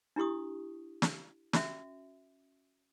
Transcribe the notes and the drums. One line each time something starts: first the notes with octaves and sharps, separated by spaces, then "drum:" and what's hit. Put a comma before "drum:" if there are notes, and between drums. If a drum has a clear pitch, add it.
D4 E4 G4 C#6 D#6
drum: snare
C#4 F#4 E5, drum: snare